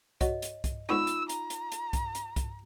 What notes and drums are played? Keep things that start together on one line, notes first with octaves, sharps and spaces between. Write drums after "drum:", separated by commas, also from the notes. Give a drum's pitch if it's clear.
F#4 C#5 D#5, drum: kick, hi-hat
drum: hi-hat
drum: kick, hi-hat
G#2 B3 D4 D#4 F4 B5 C#6 E6
drum: hi-hat
A#5, drum: hi-hat
drum: hi-hat
drum: hi-hat
drum: kick, hi-hat
drum: hi-hat
drum: kick, hi-hat